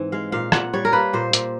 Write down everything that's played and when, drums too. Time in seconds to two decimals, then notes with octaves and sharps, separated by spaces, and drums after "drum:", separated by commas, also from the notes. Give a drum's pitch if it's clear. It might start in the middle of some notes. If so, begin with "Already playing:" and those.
Already playing: G#2 E3 C4
0.12 G#3 F5
0.32 A#2 F5
0.52 A#2 F#5, drum: rim click
0.73 G3 C#5
0.85 A#4
0.93 A#3 B4
1.13 A#2 C5
1.33 A#2, drum: hi-hat